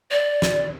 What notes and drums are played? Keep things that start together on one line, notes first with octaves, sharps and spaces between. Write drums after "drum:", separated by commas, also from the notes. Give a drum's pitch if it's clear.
D5
drum: snare